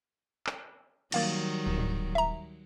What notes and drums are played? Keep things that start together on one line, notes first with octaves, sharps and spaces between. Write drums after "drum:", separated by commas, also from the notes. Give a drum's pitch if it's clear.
drum: clap
D#3 F#3 G3 A#3 F5 A6, drum: cymbal
D1
drum: tom G#2
E5 A#5